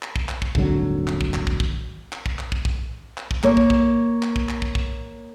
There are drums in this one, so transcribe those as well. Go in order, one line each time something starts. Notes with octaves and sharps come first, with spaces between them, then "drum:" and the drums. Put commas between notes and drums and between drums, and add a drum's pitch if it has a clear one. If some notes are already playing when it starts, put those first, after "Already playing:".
drum: clap
drum: kick
drum: clap
drum: kick
D#1 G#1 D3 F#3, drum: kick
drum: clap
drum: kick
drum: clap
drum: kick
drum: kick
drum: clap
drum: kick
drum: clap
drum: kick
drum: kick
drum: clap
drum: kick
A#3 C#5, drum: clap
drum: kick
drum: kick
drum: clap
drum: kick
drum: clap
drum: kick
drum: kick